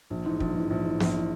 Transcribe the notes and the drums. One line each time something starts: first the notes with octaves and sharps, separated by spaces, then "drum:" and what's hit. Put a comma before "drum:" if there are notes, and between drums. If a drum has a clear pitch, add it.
A#1
G#2 E3
A#1, drum: kick
G#2 E3
A#1
G#2 E3
A#1, drum: snare
E3